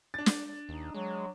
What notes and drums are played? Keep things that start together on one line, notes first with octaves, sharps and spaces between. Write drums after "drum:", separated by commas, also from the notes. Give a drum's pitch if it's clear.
D4 A6
drum: snare
D#2 D#4
F#3 G#3